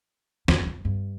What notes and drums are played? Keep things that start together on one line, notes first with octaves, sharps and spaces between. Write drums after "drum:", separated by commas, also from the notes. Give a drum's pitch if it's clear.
E2, drum: snare
F2
G2